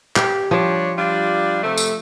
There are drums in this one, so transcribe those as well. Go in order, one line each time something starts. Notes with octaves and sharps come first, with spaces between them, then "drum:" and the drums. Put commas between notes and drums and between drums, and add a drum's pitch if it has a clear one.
G4, drum: clap
F3 G3 D4 C#5
G3 D4 F4
C3 A3
drum: tambourine